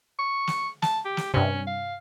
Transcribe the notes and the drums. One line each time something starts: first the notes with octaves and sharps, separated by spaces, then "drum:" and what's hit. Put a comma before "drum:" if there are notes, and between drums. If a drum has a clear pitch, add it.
C#6
drum: snare
A5, drum: snare
G4
drum: snare
G2 C3 C#4
F5